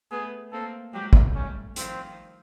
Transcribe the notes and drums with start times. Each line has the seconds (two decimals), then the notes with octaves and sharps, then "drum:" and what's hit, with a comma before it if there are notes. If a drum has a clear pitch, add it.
0.11 A3 B3 G#4
0.52 A#3 C4 A4
0.93 F#3 G#3 G4
1.13 drum: kick
1.35 G3 A3 C#4
1.76 D#3 F3 C4, drum: hi-hat